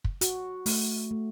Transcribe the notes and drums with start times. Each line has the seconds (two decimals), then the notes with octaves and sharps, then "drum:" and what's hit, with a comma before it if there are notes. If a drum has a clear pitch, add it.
0.04 drum: kick
0.21 F#4, drum: hi-hat
0.66 A3, drum: open hi-hat
1.11 A3